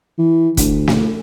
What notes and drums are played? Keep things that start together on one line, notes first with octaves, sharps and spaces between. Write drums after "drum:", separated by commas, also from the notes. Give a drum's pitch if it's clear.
E3
D2, drum: kick, hi-hat
drum: snare